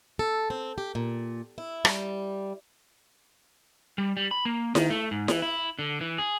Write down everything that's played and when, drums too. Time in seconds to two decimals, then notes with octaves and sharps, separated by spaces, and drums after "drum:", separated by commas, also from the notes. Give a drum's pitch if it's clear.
0.19 A4
0.50 C4
0.78 G4
0.95 A#2
1.58 E4
1.85 G3, drum: rim click
3.98 G3
4.17 G3
4.31 B5
4.45 A#3
4.75 D#3, drum: snare E4
4.90 A3
5.11 G#2
5.28 E3, drum: snare E4
5.42 E4
5.79 D3
6.01 E3
6.18 G#4